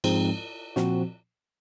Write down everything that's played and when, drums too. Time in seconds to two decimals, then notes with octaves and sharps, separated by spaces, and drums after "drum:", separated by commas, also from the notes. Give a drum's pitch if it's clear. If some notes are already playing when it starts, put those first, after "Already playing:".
0.04 G#2 F3 G#3 C4 D#4, drum: cymbal
0.76 A#2 F3 C4 F#4, drum: snare